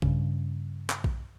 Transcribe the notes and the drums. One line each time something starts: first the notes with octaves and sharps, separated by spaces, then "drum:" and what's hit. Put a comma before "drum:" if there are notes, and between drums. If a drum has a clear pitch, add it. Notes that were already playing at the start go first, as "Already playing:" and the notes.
G2 C#3, drum: kick A#1
drum: clap
drum: kick A#1